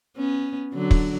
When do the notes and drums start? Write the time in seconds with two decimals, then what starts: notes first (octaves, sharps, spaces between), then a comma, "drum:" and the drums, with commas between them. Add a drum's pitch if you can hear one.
0.17 B3 C#4
0.74 D3 F#3
0.91 drum: kick